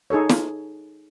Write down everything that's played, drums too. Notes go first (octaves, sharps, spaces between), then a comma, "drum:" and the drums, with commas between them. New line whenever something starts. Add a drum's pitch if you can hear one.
D#4 G#4 A4 C#5
drum: snare